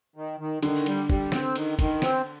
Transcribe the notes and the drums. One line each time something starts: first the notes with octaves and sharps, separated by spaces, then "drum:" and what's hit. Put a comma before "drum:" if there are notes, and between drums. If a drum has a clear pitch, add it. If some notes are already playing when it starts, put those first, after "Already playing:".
D#3
D#3
D3 D#3, drum: cymbal
G3, drum: cymbal
G3, drum: kick
C4, drum: snare
D#3, drum: cymbal
D#3, drum: kick, cymbal
C4, drum: snare